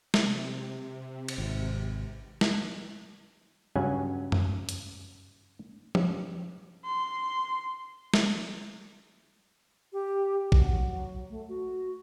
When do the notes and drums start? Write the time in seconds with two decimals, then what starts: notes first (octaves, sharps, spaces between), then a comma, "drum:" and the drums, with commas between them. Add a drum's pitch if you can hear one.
0.14 C3, drum: snare
1.28 drum: cymbal
1.38 G#1
2.41 drum: snare
3.76 G2 C#3 F#3 C#4 F#5 G#5
4.32 drum: tom F#2
4.69 drum: hi-hat
5.95 drum: tom F3
6.85 C6
8.14 drum: snare
9.93 G4
10.52 F#3, drum: kick A#1
11.30 A3
11.49 F#4